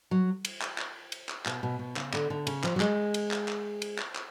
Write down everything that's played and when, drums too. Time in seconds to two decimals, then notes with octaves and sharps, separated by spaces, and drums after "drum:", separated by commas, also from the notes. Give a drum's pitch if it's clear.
0.11 F#3
0.45 drum: cymbal
0.61 drum: clap
0.78 drum: clap
1.12 drum: cymbal
1.29 drum: clap
1.46 B2, drum: clap
1.63 B2
1.79 B2
1.96 C#3, drum: clap
2.13 D3, drum: clap
2.30 D3
2.47 C#3, drum: cymbal
2.64 F3, drum: clap
2.76 F#3
2.80 G#3, drum: clap
3.14 drum: cymbal
3.31 drum: clap
3.48 drum: clap
3.82 drum: cymbal
3.99 drum: clap
4.15 drum: clap